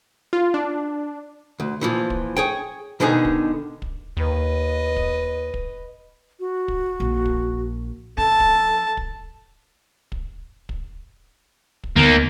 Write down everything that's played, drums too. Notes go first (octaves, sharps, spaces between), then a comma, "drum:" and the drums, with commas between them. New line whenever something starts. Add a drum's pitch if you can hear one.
F4
D4
D2
A#2 E3 F3
drum: kick
G#4 C#5 G5
B2 D3 D#3 B3 D#4 G#4
drum: kick
drum: kick
D#2 B4 D#5
drum: kick
drum: kick
F#4
drum: kick
A#1
drum: kick
F3 C#4 A4 A5
drum: kick
drum: kick
drum: kick
drum: kick
drum: kick
D2 D#3 A#3 B3